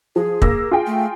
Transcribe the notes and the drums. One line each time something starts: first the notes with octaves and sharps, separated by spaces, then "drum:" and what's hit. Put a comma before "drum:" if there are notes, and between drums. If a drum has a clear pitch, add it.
F3 G#4
A#3 E6 A#6, drum: kick
F4 G#4 G5
A3